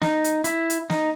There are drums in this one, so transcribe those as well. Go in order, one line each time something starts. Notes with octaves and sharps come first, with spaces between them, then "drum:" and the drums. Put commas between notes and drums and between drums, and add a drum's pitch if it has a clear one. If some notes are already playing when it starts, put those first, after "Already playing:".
D#4, drum: snare
drum: hi-hat
E4, drum: hi-hat
drum: hi-hat
D#4, drum: snare